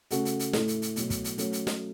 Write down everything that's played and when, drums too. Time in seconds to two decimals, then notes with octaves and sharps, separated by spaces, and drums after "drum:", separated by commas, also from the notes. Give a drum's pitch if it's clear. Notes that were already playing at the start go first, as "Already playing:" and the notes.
0.11 C#3 A3 F#4 A4, drum: hi-hat
0.25 drum: hi-hat
0.39 drum: hi-hat
0.53 A2 A3 E4 A4, drum: snare
0.68 drum: hi-hat
0.82 drum: hi-hat
0.96 B2 F#3 A3, drum: hi-hat
1.10 drum: kick, hi-hat
1.24 drum: hi-hat
1.38 F#3 A3 C#4 A4, drum: hi-hat
1.53 drum: hi-hat
1.67 drum: snare